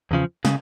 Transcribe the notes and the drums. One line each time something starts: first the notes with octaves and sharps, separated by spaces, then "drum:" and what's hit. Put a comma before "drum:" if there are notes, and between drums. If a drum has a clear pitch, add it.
E2 C#3 F3
C#3, drum: snare